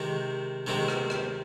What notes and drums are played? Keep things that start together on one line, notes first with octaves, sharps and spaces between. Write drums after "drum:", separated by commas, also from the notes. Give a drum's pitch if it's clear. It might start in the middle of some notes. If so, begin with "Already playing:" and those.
Already playing: C3 D#3 G#3 C4
C3 D#3 G#3 C4
drum: rim click
drum: rim click